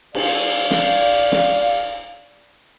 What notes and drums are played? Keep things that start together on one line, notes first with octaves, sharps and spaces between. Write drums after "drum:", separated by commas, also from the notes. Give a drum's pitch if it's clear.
D5 F5, drum: cymbal
drum: snare
drum: snare